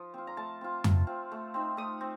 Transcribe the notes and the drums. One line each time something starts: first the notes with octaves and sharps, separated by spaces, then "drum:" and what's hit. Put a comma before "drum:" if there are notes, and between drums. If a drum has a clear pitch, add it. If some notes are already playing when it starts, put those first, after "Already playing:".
Already playing: F3 D#6
C4 F4
A#5
A3 A5
C4 F4
A3, drum: tom F2
C4 F4
A3
C4 D#4
A3 D#6
C4